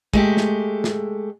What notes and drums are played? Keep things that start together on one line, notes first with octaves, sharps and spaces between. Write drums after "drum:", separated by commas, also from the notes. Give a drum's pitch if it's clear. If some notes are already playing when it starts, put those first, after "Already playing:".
G#3 A3 G4, drum: kick
drum: snare
drum: snare